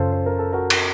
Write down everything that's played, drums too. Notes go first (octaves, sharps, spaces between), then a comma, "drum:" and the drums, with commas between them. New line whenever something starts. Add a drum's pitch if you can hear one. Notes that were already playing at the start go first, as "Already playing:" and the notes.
Already playing: F#2 C#3 C#4 F4 A4 C5
C5
A#4
A4
F#4 A#4
drum: cymbal